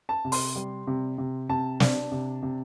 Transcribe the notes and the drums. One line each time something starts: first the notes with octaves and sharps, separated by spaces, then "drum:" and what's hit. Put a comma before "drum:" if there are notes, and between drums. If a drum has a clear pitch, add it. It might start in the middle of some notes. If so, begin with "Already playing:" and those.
A5
C3
C6, drum: open hi-hat
G3
C3
C3
C3 A5
D4, drum: snare
C3
C3